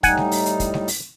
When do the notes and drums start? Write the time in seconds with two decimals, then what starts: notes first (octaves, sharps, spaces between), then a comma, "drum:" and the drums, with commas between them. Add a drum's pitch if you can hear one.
0.03 A2 G3 D#4 F#5 G#5, drum: kick, hi-hat
0.17 drum: snare G#3
0.31 drum: open hi-hat
0.46 drum: hi-hat
0.60 drum: kick, hi-hat
0.74 drum: snare G#3
0.88 drum: open hi-hat